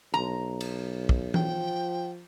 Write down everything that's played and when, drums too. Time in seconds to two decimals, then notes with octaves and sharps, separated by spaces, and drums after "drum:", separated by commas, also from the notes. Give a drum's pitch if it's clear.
0.14 B1 A#5
0.61 drum: cymbal
1.09 drum: kick
1.34 F3 G5, drum: tom E3